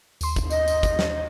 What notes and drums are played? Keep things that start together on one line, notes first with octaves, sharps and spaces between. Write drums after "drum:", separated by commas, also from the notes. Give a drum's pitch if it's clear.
D#2 C6, drum: tambourine
drum: kick, tambourine
D#5, drum: tambourine
drum: tambourine
drum: kick, tambourine
drum: snare